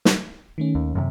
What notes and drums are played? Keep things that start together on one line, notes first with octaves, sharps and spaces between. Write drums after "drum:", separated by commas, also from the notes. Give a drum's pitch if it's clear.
drum: snare
D#3 A3 C#4
D#2
F#2 A2 C3